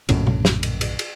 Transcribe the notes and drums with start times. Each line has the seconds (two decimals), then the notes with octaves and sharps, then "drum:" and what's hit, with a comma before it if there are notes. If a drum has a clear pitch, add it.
0.09 A#1 F#2 A2 C#3, drum: cymbal
0.27 drum: tom B2
0.45 drum: snare
0.63 drum: cymbal
0.81 drum: cymbal
0.99 drum: cymbal